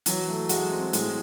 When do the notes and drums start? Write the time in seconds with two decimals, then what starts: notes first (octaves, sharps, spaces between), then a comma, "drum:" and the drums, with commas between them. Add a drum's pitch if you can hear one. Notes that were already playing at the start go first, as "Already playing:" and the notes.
0.06 E3 F#3, drum: hi-hat
0.29 A3
0.49 G#3 F#4, drum: hi-hat
0.72 C4
0.93 A2 G#3, drum: hi-hat